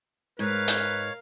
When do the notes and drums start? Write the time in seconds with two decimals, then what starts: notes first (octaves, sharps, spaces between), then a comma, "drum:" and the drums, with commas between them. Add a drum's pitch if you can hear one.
0.39 G#2 A#4 B4 C#5 F5
0.68 drum: hi-hat